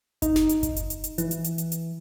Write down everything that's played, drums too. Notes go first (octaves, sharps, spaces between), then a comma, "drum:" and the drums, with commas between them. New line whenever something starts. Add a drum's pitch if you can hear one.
D#4, drum: kick F#1, hi-hat
drum: snare
drum: hi-hat
drum: kick F#1, hi-hat
drum: hi-hat
drum: hi-hat
drum: hi-hat
E3, drum: hi-hat
drum: hi-hat
drum: hi-hat
drum: hi-hat
drum: hi-hat